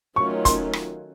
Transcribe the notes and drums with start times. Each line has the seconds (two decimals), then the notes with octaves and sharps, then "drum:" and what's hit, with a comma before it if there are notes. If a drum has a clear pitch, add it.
0.16 D#3 F#3 A3 C#4 F4 C#6
0.45 C6, drum: kick, hi-hat
0.73 drum: rim click